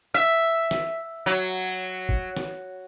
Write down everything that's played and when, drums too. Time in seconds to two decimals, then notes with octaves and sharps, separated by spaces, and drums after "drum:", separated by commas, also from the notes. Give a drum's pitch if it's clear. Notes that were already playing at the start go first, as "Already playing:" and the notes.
0.14 E5
0.71 drum: snare
1.26 F#3
2.09 drum: kick F#1
2.37 drum: snare